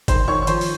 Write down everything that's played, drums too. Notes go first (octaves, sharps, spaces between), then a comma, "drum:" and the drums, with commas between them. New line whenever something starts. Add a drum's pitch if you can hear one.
D#3 C5 C6, drum: kick G1, hi-hat
D#3 C#5 C#6
C#6
F3 C5 C6, drum: hi-hat
drum: open hi-hat